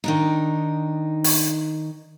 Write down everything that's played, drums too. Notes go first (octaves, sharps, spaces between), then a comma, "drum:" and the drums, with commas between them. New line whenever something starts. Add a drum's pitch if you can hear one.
D#3 D4 D#4
drum: open hi-hat